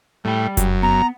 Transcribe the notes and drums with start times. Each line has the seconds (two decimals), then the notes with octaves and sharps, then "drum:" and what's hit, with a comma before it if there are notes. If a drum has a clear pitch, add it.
0.25 A2 G3 G5
0.57 F#2, drum: kick F1, hi-hat
0.83 B3 A#5